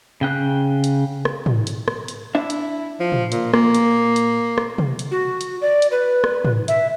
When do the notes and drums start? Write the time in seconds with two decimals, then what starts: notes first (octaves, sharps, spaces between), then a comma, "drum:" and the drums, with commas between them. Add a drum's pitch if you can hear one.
0.21 C#3 G5 F#6
0.84 drum: hi-hat
1.25 drum: rim click
1.46 drum: tom
1.67 drum: hi-hat
1.88 drum: rim click
2.08 drum: hi-hat
2.35 D4 E4 E5
2.50 drum: hi-hat
3.00 F3
3.12 drum: tom
3.32 A#2, drum: hi-hat
3.54 A#2 A#3, drum: rim click
3.75 drum: hi-hat
4.16 drum: hi-hat
4.58 drum: rim click
4.78 drum: tom
4.99 drum: hi-hat
5.11 F#4
5.41 drum: hi-hat
5.61 D5
5.82 drum: hi-hat
5.91 B4
6.24 drum: rim click
6.45 drum: tom
6.68 E5, drum: hi-hat